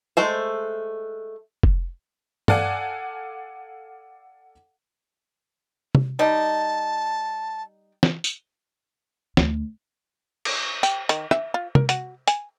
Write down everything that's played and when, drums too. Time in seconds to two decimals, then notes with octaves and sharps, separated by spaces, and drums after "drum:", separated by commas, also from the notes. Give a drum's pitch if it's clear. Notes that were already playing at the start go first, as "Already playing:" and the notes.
0.17 G#3 A3 C5
1.63 drum: kick F1
2.48 A4 D5 F5 F#5 G#5, drum: tom G2
5.95 drum: tom
6.19 G3 D#4 A5
8.03 drum: snare
8.24 drum: tambourine
9.37 D2, drum: snare
10.45 drum: cymbal
10.83 G4, drum: tambourine
11.09 D#3, drum: hi-hat
11.31 E5, drum: rim click
11.54 F4
11.75 A#4, drum: tom
11.89 F#4, drum: hi-hat
12.28 G#5, drum: hi-hat